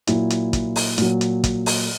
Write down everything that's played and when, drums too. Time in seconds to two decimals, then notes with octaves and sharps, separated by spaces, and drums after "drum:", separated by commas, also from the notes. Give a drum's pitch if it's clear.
0.07 A#2 F#3 E4, drum: hi-hat
0.30 drum: hi-hat
0.53 drum: kick, hi-hat
0.76 drum: open hi-hat
0.98 A#2 F#3, drum: hi-hat
1.21 drum: hi-hat
1.44 drum: kick, hi-hat
1.66 drum: open hi-hat